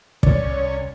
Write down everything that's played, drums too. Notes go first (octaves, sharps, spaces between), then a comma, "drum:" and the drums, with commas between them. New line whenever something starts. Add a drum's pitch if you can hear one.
C2 C#4 C#5 D5, drum: kick